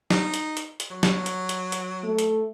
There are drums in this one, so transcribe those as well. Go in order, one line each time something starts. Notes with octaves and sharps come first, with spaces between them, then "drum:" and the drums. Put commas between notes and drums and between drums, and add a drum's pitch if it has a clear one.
D#4, drum: snare
drum: hi-hat
drum: hi-hat
drum: hi-hat
F#3
drum: snare
drum: hi-hat
drum: hi-hat
drum: hi-hat
A3
drum: hi-hat